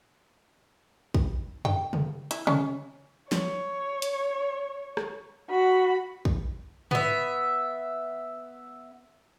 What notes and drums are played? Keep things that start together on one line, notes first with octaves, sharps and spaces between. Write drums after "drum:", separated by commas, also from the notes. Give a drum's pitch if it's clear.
drum: kick
G5, drum: tom F2
drum: tom C3
E4, drum: hi-hat
C#4, drum: tom C3
C#5, drum: snare
drum: hi-hat
drum: rim click
F#4 B5
drum: kick
B3 E5, drum: tom G#2